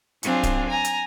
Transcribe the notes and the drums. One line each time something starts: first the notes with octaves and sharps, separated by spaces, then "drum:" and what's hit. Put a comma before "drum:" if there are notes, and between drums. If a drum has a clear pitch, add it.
F#3 C4 D4 F4 G#4, drum: hi-hat
drum: kick D1, hi-hat
G#5 A#5
drum: hi-hat